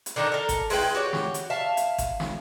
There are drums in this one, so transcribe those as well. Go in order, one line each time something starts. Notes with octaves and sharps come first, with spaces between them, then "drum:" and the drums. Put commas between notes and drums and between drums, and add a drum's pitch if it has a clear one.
drum: hi-hat
D3 D#3 D4 D#4
A4 A#4
drum: kick G#1, hi-hat
G#3 E4 B4 G5, drum: open hi-hat
F#4 G4 C#5
drum: snare
drum: hi-hat
E5 F5 A5
drum: hi-hat
drum: kick G#1, hi-hat
drum: snare